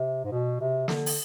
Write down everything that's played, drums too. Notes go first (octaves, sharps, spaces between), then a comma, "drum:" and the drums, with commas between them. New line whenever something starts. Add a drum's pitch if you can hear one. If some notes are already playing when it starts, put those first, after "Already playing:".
Already playing: C3
G#2
B2
C3
D3, drum: snare
drum: open hi-hat